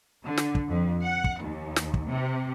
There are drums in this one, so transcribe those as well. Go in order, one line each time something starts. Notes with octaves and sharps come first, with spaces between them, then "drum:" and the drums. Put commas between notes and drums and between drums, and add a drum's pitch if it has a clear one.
D3
drum: snare
drum: kick
F2
F#5
drum: kick
D#2
drum: snare
drum: kick
C3